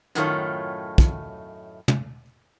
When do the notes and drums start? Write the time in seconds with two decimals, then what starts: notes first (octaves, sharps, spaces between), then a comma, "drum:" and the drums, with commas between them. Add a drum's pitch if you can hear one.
0.15 F#2 A2 D#3 A3 F4 C#5, drum: hi-hat
0.98 drum: kick
1.88 drum: tom